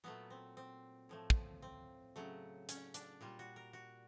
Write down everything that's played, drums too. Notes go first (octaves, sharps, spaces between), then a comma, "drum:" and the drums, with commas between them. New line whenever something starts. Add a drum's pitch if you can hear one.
A#2 F#3 A3 B3
C4
C4
A2 F3 A3
drum: kick
C4
C#3 F#3 A3
C#4, drum: hi-hat
D4, drum: hi-hat
A#2 G3 F4
F#4
A#4
F#4